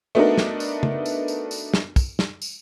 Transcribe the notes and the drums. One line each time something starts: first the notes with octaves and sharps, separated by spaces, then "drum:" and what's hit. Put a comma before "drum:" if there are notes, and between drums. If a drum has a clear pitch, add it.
A3 B3 D4 D#4 F#4 A#4
drum: snare
drum: tambourine
drum: tom C#3
drum: tambourine
drum: tambourine
drum: tambourine
drum: snare
drum: kick, tambourine
drum: snare
drum: tambourine